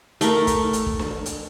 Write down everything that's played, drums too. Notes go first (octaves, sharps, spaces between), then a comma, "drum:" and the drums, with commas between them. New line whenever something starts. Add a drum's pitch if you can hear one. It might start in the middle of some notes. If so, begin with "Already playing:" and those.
A3 A4 A#4, drum: hi-hat
drum: kick, hi-hat
drum: hi-hat
drum: kick
drum: snare
drum: hi-hat